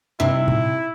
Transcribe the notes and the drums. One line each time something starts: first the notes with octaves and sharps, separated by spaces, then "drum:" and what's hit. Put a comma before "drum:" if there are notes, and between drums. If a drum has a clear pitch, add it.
G2 C3 D#4 E4 E5
drum: tom G#2